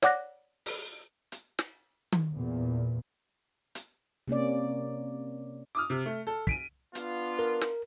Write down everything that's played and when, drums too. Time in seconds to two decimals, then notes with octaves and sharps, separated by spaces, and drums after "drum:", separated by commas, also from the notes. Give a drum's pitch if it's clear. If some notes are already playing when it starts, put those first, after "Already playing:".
0.02 C#5 D5 F#5 D6 F#6 A#6, drum: snare
0.66 drum: open hi-hat
1.32 drum: hi-hat
1.59 drum: snare
2.12 drum: tom D#3
2.34 E2 A#2
3.75 drum: hi-hat
4.28 C3 A#3 C#4 D5
5.75 D6 D#6 F6
5.90 C3
6.06 A3
6.27 A4
6.47 B6 D7 D#7, drum: kick
6.95 B3 D4 F4, drum: hi-hat
7.39 A#4
7.61 drum: snare